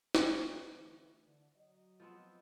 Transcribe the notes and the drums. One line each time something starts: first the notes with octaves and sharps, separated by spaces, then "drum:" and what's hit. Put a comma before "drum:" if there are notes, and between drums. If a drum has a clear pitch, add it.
drum: snare
D3 E3 A3
D3
F#3 D#5
F3 B3 C4